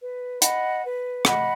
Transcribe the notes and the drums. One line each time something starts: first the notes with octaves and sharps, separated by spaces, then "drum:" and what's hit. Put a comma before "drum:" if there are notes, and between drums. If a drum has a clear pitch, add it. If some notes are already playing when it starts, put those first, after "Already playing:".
B4
D#5 F#5 B5, drum: hi-hat
B4
D#5 F#5 B5, drum: rim click